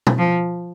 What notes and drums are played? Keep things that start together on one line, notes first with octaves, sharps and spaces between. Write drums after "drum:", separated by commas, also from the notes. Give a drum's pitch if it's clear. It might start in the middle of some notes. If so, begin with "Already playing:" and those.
drum: tom
F3